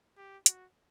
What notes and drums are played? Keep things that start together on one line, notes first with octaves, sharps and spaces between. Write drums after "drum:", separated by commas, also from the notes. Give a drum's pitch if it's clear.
G4
F#4, drum: hi-hat